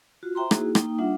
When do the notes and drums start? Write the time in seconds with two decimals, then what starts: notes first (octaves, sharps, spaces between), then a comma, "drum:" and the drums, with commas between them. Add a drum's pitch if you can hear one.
0.23 F4 F#4
0.35 C5 E5 G5 A#5 C6
0.51 A#3 D#4 E4 F#4 G#4, drum: rim click
0.75 A#3 D#4 G5 D#6, drum: rim click
0.98 G3 D4 F4 E5 F#5